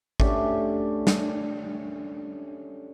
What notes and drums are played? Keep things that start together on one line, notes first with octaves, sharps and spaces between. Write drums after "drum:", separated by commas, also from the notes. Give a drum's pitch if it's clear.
A3 C#4 D4 G4, drum: kick G#1
drum: snare